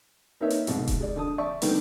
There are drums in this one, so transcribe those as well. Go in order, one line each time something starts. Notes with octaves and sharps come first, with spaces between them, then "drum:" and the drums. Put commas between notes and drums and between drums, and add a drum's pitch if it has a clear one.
A#3 D#4 A#4 B4 C#5 E5
drum: hi-hat
C2 F2 G#2 B2, drum: hi-hat
drum: kick D#1, hi-hat
G#3 D5
D3 A5 D#6
D5 E5 A5 C#6
D3 D#3 G3 A3 B3, drum: open hi-hat